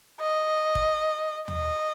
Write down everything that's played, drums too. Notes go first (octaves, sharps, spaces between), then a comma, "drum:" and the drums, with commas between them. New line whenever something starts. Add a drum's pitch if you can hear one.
D#5
drum: kick
D#5, drum: tom